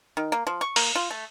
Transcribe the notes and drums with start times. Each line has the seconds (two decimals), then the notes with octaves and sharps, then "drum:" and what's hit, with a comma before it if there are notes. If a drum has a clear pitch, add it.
0.17 D#3
0.32 A#3
0.47 F3
0.61 C#6
0.76 A#3, drum: open hi-hat
0.95 F4
1.11 A3